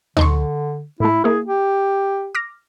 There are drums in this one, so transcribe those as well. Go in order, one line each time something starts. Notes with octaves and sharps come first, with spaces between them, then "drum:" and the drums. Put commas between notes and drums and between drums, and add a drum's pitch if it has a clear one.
D3 D#4 C6 C#6, drum: tom
A2 A3 E4
A#3 E4 G#4
G4
D6 F6 A#6